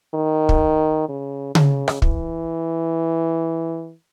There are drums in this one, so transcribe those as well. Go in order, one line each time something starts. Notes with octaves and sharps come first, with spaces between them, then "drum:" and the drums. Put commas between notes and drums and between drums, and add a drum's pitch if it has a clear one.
D#3
drum: kick
C#3
C#3, drum: tom C#3
drum: rim click
E3, drum: kick